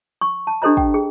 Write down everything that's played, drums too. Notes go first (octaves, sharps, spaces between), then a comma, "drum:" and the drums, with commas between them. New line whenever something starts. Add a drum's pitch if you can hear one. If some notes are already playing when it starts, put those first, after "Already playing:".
C#6
A5
D4 G4 A4 C5 D#5 A#5
G5, drum: kick
G#4